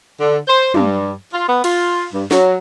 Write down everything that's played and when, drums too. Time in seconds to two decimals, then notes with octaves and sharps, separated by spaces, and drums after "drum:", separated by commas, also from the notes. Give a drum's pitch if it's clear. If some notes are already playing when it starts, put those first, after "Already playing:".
0.20 D3
0.48 C5
0.74 G2, drum: tom
1.33 F4
1.48 B3
1.64 F4, drum: cymbal
2.13 G2
2.31 F#3, drum: snare